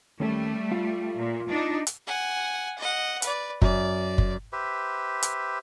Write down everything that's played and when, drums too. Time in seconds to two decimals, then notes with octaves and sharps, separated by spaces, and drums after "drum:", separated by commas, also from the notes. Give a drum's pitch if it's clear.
0.20 D#2 G3 A3 C#4 A4
0.72 F4
1.17 A#2
1.49 D4 D#4
1.87 drum: hi-hat
2.07 F#5 G#5
2.78 D#5 F#5
3.22 B4 D5, drum: hi-hat
3.62 F#2 D5, drum: kick
4.18 drum: kick
4.53 G4 B4 C5 E5
5.22 drum: hi-hat